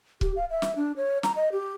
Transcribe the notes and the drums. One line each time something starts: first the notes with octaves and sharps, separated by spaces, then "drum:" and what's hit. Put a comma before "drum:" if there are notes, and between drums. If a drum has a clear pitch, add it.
G4, drum: kick
F5
E5
drum: snare
D4
C#5
A#5, drum: snare
D#5
G4